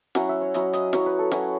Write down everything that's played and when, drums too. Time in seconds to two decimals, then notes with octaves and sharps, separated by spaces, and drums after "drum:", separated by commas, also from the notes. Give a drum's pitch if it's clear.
0.15 F#3 C#4 E4 F#5, drum: snare
0.29 E5
0.41 C#5
0.54 F#3 C#4 E4 D#5, drum: hi-hat
0.73 D#5, drum: hi-hat
0.93 F#3 C#4 E4 C#5, drum: snare
1.06 B4
1.19 A4
1.32 F#3 C#4 E4, drum: snare